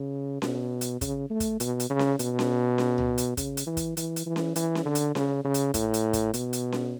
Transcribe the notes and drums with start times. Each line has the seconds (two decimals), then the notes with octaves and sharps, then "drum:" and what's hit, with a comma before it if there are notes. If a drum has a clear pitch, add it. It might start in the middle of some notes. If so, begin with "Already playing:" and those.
Already playing: C#3
0.42 B2, drum: snare C#4
0.81 drum: hi-hat
1.01 C#3, drum: kick, hi-hat
1.30 A3
1.40 drum: kick, hi-hat
1.60 B2, drum: hi-hat
1.80 drum: hi-hat
1.90 C#3
1.99 drum: snare C#4
2.19 B2, drum: hi-hat
2.39 drum: snare C#4
2.78 drum: snare C#4
2.98 drum: tom C#2
3.18 drum: hi-hat
3.37 C#3, drum: kick, hi-hat
3.57 drum: hi-hat
3.67 E3
3.77 drum: kick, hi-hat
3.97 E3, drum: hi-hat
4.16 drum: hi-hat
4.26 E3
4.36 drum: snare C#4
4.56 E3, drum: hi-hat
4.75 drum: snare C#4
4.85 D3
4.95 drum: hi-hat
5.15 C#3, drum: snare C#4
5.44 C#3
5.54 drum: hi-hat
5.74 A2, drum: kick, hi-hat
5.94 drum: hi-hat
6.13 drum: kick, hi-hat
6.34 B2, drum: hi-hat
6.53 drum: hi-hat
6.72 drum: snare C#4